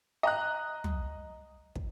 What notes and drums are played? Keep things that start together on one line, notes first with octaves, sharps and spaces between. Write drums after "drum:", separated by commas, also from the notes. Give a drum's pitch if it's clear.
D#5 A#5 F#6
drum: tom
drum: kick